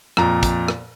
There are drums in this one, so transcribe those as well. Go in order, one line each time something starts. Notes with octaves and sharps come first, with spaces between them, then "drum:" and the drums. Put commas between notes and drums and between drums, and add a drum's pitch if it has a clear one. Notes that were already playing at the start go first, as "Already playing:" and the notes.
F2 A#2 A#5, drum: rim click
drum: kick, hi-hat
drum: rim click